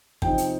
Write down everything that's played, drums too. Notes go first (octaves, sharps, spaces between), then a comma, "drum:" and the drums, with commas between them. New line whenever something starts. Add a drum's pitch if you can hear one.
C3 F3 C4 D#4 G5, drum: kick
drum: hi-hat